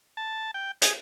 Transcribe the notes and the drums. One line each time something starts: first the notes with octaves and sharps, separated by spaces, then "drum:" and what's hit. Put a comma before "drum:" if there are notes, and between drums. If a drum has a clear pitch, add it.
A5
G5
G#4, drum: hi-hat